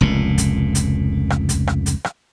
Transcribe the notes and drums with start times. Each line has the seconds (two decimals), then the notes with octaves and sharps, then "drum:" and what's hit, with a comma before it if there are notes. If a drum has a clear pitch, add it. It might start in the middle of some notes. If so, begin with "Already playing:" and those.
0.01 F1 C#2 A#2
0.38 drum: kick, hi-hat
0.75 drum: hi-hat
1.30 drum: rim click
1.49 drum: kick, hi-hat
1.67 drum: rim click
1.86 drum: hi-hat
2.04 drum: rim click